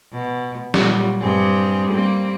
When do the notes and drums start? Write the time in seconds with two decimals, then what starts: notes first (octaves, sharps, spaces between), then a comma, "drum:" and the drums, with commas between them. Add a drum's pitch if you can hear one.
0.12 B2
0.74 A#2 F#3 G3, drum: snare
1.21 G2 C4 G#4
1.91 G3 A#3 C4